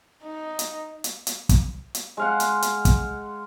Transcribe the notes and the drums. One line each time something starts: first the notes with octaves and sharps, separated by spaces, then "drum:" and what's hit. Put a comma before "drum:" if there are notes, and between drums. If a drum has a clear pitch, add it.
D#4
drum: hi-hat
drum: hi-hat
drum: hi-hat
drum: kick, hi-hat
drum: hi-hat
G#3 F5 F#5
drum: hi-hat
drum: hi-hat
drum: kick, hi-hat